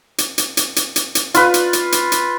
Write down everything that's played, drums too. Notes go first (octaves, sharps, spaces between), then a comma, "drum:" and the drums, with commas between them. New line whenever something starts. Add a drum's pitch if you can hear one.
drum: hi-hat
drum: hi-hat
drum: hi-hat
drum: hi-hat
drum: hi-hat
drum: hi-hat
F4 B4, drum: hi-hat
drum: hi-hat
drum: hi-hat
drum: hi-hat
drum: hi-hat